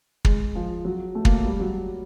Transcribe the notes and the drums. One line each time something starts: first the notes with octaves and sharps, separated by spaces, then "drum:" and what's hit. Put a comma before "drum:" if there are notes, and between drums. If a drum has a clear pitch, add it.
G#3, drum: kick
F3
F#3
A3
A#3, drum: kick
G3
F#3